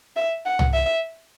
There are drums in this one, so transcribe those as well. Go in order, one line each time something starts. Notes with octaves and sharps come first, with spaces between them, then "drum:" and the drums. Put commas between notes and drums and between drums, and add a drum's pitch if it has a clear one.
E5
F#5
drum: tom C2
E5